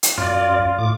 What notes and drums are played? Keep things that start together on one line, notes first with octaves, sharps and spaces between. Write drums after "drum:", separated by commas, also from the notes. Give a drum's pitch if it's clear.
drum: hi-hat
F#2 F4 D5
A2 D6